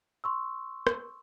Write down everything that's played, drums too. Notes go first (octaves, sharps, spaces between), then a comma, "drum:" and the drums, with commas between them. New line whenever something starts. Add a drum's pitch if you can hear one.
C6 C#6 E6
drum: rim click